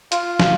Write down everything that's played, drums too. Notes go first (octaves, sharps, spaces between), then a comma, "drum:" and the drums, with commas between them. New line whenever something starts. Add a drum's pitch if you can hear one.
F4, drum: hi-hat
drum: snare